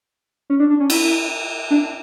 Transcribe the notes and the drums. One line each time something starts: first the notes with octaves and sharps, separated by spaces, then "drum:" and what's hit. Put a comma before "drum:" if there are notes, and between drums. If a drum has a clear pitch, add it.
C#4
D4
D4
C#4
E4, drum: cymbal
D4